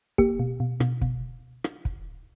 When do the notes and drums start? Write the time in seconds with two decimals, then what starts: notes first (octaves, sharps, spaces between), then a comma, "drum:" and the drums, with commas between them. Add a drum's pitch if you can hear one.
0.18 A#3 G4, drum: kick
0.39 B2
0.60 B2
0.80 B2, drum: rim click
1.01 B2, drum: kick
1.64 drum: rim click
1.85 drum: kick